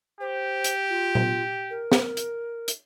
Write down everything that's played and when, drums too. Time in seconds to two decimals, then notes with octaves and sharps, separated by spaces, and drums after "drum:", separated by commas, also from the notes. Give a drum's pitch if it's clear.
0.21 G4 C5
0.64 drum: hi-hat
0.90 F4
1.15 drum: tom A#2
1.70 A#4
1.92 drum: snare
2.17 drum: hi-hat
2.68 drum: hi-hat